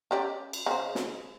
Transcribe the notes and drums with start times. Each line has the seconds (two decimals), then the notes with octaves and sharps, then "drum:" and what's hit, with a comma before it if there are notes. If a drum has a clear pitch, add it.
0.11 C#4 G4 D5
0.53 drum: cymbal
0.66 C#3 C5
0.95 drum: snare